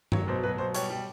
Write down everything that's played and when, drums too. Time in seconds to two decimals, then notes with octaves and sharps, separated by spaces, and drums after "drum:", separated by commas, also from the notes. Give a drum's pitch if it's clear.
0.12 F#3 C#5, drum: tom G2
0.28 B2 C5
0.43 F#3 B4
0.58 B2 C5
0.74 G3 C#5, drum: hi-hat
0.90 G3